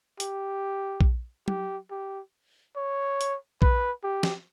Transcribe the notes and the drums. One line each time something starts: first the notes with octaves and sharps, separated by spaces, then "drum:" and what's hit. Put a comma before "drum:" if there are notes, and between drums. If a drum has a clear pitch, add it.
G4, drum: hi-hat
drum: kick A#1
G4, drum: tom
G4
C#5
drum: hi-hat
B4, drum: kick A#1
G4
drum: snare